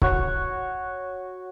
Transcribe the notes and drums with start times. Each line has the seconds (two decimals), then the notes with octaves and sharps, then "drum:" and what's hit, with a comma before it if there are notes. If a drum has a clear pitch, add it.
0.02 F#4 C#5, drum: kick C#1